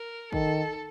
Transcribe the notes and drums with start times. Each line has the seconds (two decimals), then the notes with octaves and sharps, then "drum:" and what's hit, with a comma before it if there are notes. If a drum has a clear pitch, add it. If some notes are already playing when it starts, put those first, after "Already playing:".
Already playing: A#4
0.33 D#3 A4, drum: kick